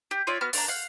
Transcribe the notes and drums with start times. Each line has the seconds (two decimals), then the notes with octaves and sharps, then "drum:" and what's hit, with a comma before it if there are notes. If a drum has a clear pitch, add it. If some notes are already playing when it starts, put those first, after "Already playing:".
0.11 G4
0.27 F4 C#5 D5 E5
0.41 B3 F#4 F6
0.53 D4 A#5, drum: open hi-hat
0.68 F5 F#5